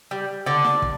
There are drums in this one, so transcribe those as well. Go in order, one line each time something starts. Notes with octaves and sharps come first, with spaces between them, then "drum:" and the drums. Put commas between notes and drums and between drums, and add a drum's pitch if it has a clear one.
G3
D3 D5
drum: snare
drum: kick